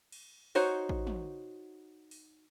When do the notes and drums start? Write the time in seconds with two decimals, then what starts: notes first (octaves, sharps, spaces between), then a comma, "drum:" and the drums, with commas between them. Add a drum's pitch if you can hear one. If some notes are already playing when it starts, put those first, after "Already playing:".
0.12 drum: cymbal
0.55 D#4 F#4 C5 C#5, drum: open hi-hat
0.89 drum: kick A1
1.07 drum: tom
2.11 drum: open hi-hat